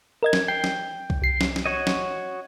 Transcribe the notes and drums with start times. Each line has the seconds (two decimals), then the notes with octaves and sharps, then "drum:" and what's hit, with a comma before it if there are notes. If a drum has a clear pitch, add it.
0.23 A#4 D#5 G#6
0.33 drum: snare
0.48 G5 C7
0.64 drum: snare
1.10 drum: kick
1.22 C2 C7
1.41 drum: snare
1.56 drum: snare
1.66 F#4 C#5 D#5
1.87 drum: snare